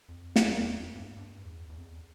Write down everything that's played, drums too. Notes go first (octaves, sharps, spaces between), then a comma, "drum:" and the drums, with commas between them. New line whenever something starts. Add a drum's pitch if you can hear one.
F2
E2, drum: snare
E2
F2
G2
G2
E2
E2
F2
E2